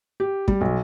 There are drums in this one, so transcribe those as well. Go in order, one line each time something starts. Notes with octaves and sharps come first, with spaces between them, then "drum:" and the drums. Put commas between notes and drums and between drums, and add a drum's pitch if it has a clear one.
G4
G3, drum: kick
B1